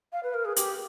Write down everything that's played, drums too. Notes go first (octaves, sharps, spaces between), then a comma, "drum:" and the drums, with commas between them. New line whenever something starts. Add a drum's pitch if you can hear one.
F5
B4
A#4
G#4
G4, drum: hi-hat